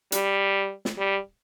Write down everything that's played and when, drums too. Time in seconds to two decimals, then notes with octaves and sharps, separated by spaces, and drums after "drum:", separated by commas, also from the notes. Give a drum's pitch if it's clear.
0.12 G3, drum: hi-hat
0.85 drum: snare
0.98 G3